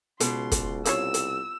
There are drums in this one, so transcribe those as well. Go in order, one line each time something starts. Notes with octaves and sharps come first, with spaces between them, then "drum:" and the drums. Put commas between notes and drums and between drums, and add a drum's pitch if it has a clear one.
C#2 B2 C6, drum: hi-hat
drum: kick, hi-hat
C2 C#4 F4 C#5 E6, drum: hi-hat
drum: hi-hat